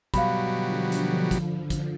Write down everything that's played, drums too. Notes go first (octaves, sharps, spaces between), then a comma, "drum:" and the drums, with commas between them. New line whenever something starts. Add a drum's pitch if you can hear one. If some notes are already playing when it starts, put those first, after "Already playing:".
B2 F#3 G3 F5 B5, drum: kick, hi-hat
D3 F3
drum: hi-hat
drum: kick, hi-hat
drum: kick, hi-hat